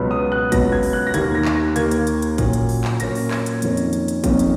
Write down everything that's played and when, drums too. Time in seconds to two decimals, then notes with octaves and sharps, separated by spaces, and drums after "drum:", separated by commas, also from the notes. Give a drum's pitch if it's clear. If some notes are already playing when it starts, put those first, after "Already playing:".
Already playing: C#2 B2 F#3 B3
0.11 D#6
0.32 F#6
0.52 C#2 B2 F#3 B3 A#6, drum: kick, hi-hat
0.72 G#6
0.83 drum: open hi-hat
0.93 F#6
1.07 A#6
1.14 D#2 D#3 A#3 G#6, drum: hi-hat
1.35 A#6
1.45 drum: clap
1.55 A#6
1.76 D#2 D#3 A#3 G#6, drum: hi-hat
1.91 drum: hi-hat
2.07 drum: hi-hat
2.22 drum: hi-hat
2.38 A#2 F#3 A#3 C#4, drum: kick, hi-hat
2.53 drum: hi-hat
2.69 drum: open hi-hat
2.84 drum: clap
3.00 A#2 F#3 A#3 C#4 A#6, drum: hi-hat
3.15 drum: open hi-hat
3.31 G#6, drum: clap
3.46 drum: hi-hat
3.62 F2 D#3 A#3 C#4, drum: hi-hat
3.77 drum: hi-hat
3.93 drum: hi-hat
4.08 drum: hi-hat
4.24 F2 D#3 A#3 C#4, drum: kick, hi-hat
4.39 drum: hi-hat